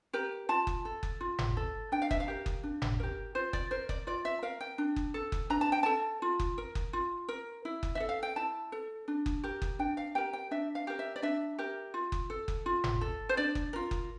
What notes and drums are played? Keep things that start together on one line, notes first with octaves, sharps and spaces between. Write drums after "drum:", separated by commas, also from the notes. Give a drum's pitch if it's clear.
G4 A#4
F4 A5
drum: kick F#1
A4
drum: kick F#1
F4
drum: tom G1
A4
D4 G5
F5
E5, drum: kick F#1
F5
G4 A#4
drum: kick F#1
D4
drum: tom G1
G4 A#4
F4 C5
D5, drum: kick F#1
A#4 C5
D5, drum: kick F#1
F4 D5
E5
A#4 F5
G5
D4
drum: kick F#1
A4
drum: kick F#1
D4 A#5
A5
G5
A4 A5
F4
drum: kick F#1
A#4
drum: kick F#1
F4
A#4
E4
drum: kick F#1
A4 E5
F5
G5
E4 A5
A4
D4
drum: kick F#1
G4 A#4
drum: kick F#1
D4 G5
F5
G4 A#4 G5
G5
D4 E5
F5
G4 A#4
E5
D5
D4 E5
G4 A#4
F4
drum: kick F#1
A4
drum: kick F#1
F4
drum: tom G1
A4
C5
D4 D5
drum: kick F#1
F4 A#4
drum: kick F#1